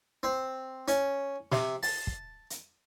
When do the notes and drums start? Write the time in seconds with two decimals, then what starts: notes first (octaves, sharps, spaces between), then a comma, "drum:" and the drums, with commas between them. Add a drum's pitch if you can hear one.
0.23 C4
0.88 C#4, drum: hi-hat
1.52 C3, drum: snare
1.83 A5, drum: open hi-hat
2.07 drum: kick
2.50 drum: hi-hat